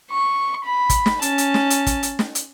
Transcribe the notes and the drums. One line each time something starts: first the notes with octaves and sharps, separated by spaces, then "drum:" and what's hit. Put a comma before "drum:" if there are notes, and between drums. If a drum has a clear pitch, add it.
C#6
B5
drum: kick, hi-hat
drum: snare
C#4 A5, drum: hi-hat
drum: hi-hat
drum: snare
drum: hi-hat
drum: kick, hi-hat
drum: hi-hat
drum: snare
drum: hi-hat